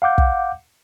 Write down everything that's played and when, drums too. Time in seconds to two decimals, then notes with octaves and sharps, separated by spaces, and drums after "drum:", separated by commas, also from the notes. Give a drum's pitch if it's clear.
0.02 F5 F#5 D6 G6
0.18 drum: kick